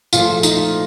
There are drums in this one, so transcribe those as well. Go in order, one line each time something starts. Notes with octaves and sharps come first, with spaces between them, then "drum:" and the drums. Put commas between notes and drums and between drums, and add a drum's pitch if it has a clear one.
A#2 F3 A3 F4, drum: tambourine
D#4, drum: tambourine